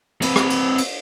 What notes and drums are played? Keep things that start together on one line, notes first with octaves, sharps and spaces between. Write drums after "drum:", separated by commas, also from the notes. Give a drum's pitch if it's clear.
C4 B4, drum: cymbal
drum: rim click
drum: cymbal
drum: cymbal